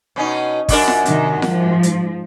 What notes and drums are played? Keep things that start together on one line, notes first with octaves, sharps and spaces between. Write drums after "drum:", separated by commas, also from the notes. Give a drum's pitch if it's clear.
B2 C#4 D#4
F#2 D4 A#4, drum: kick, open hi-hat
drum: snare F4
C3 D#3, drum: hi-hat
G#2 F3, drum: snare F4
drum: hi-hat